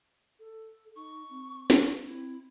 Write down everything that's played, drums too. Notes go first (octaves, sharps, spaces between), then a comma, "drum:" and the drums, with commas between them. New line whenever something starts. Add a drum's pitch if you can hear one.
A4
D#4 C#6
C4
drum: snare
C4 E4